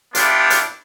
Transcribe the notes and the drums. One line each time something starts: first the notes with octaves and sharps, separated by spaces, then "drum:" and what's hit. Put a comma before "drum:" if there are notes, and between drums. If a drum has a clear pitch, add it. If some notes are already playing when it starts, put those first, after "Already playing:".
B3 D4 E4 F4 G4, drum: hi-hat
drum: hi-hat